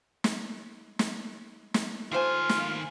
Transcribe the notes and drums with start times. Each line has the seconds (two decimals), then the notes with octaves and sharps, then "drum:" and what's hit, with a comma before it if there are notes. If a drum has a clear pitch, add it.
0.24 drum: snare
0.99 drum: snare
1.74 drum: snare
2.12 D#3 A3 F4 G4 C5 G#5
2.49 drum: snare